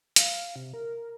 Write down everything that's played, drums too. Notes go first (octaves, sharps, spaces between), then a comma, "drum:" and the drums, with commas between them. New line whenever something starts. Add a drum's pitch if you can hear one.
F5, drum: hi-hat
C3
A#4